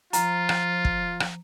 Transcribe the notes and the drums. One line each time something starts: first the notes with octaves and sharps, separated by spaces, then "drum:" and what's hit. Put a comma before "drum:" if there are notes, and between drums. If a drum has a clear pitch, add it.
F3 F4 A#5, drum: hi-hat
drum: rim click
drum: kick
drum: rim click